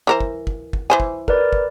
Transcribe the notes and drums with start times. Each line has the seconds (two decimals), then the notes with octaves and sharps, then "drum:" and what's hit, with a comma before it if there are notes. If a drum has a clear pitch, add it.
0.07 E3 A#4 C5
0.21 drum: kick
0.47 drum: kick
0.73 drum: kick
0.90 E3 C5 G#5
1.00 drum: kick
1.28 A#4 B4 D5, drum: kick
1.53 drum: kick